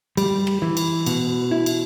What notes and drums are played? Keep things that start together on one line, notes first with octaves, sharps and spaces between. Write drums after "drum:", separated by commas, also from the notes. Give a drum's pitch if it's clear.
G3, drum: cymbal
drum: rim click
E3
drum: cymbal
B2, drum: cymbal
E4
drum: cymbal